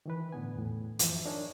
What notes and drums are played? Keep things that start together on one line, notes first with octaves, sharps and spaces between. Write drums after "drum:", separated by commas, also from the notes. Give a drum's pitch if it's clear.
D#3 E3 B4
A2 D3 B3 G#5
E2 A2
F#2 E3 F3 E5, drum: hi-hat
D4 D#4 A#4 C#5 D5 G#5